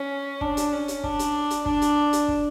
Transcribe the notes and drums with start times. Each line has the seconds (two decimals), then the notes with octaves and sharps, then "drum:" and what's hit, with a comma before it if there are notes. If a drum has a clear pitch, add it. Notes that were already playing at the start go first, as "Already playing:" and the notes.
Already playing: C#4
0.41 D4, drum: kick
0.57 drum: hi-hat
0.72 C#4
0.88 drum: hi-hat
1.04 D4, drum: kick
1.19 drum: hi-hat
1.50 drum: hi-hat
1.66 D4, drum: kick
1.82 drum: hi-hat
2.13 drum: hi-hat
2.28 drum: kick